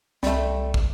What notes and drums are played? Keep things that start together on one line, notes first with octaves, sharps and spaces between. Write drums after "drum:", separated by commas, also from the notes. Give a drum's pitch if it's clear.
C2 G3 A3, drum: snare
drum: kick